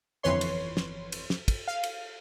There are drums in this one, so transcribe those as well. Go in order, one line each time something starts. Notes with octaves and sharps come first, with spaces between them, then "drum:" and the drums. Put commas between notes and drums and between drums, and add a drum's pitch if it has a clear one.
G1 F2 E3 B4 C#5 C6
drum: cymbal
drum: snare
drum: cymbal
drum: snare
drum: kick, cymbal
F5
drum: cymbal